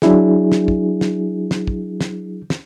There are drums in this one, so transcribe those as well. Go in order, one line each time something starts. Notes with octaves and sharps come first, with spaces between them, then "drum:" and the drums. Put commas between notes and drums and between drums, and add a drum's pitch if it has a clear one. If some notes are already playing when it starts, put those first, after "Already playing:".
F#3 D4 E4 G#4, drum: snare
drum: snare
drum: kick
drum: snare
drum: snare
drum: kick
drum: snare
drum: snare